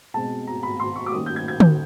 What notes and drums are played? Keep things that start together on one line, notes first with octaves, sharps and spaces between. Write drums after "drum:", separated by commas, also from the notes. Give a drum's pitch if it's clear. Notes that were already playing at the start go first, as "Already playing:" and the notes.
B2 G#3 C4 A5
A#5
B5
C6
C#6
D6
D#3 G3 A#3 C#4 D#6
G6
G#6
G#6
G6, drum: tom D3